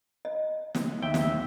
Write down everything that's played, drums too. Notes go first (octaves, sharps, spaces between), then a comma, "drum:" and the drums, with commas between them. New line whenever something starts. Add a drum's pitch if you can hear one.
D#5
drum: snare
D#2 E5 G5
drum: snare